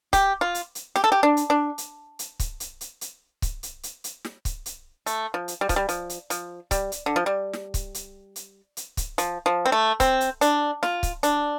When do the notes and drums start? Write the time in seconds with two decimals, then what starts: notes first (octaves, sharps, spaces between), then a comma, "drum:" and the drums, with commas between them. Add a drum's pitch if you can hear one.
0.13 G4, drum: kick C#1, hi-hat
0.41 F4
0.55 drum: hi-hat
0.75 drum: hi-hat
0.96 G4, drum: snare
1.04 A4
1.12 G4
1.23 D4
1.37 drum: hi-hat
1.50 D4
1.78 drum: hi-hat
2.19 drum: hi-hat
2.40 drum: kick C#1, hi-hat
2.60 drum: hi-hat
2.81 drum: hi-hat
3.01 drum: hi-hat
3.42 drum: kick C#1, hi-hat
3.63 drum: hi-hat
3.83 drum: hi-hat
4.04 drum: hi-hat
4.25 drum: snare
4.45 drum: kick C#1, hi-hat
4.66 drum: hi-hat
5.06 A3, drum: hi-hat
5.34 F3
5.48 drum: hi-hat
5.61 G3
5.69 F3, drum: kick C#1, hi-hat
5.76 G3
5.89 F3, drum: hi-hat
6.10 drum: hi-hat
6.30 F3, drum: hi-hat
6.71 G3, drum: kick C#1, hi-hat
6.92 drum: hi-hat
7.06 D3
7.16 F3
7.26 G3
7.53 drum: snare
7.74 drum: kick C#1, hi-hat
7.94 drum: hi-hat
8.36 drum: hi-hat
8.77 drum: hi-hat
8.97 drum: kick C#1, hi-hat
9.18 F3, drum: hi-hat
9.46 F3
9.66 C4
9.72 A3
10.00 C4, drum: kick C#1, hi-hat
10.21 drum: hi-hat
10.41 D4, drum: hi-hat
10.83 F4, drum: snare
11.03 drum: kick C#1, hi-hat
11.23 D4, drum: hi-hat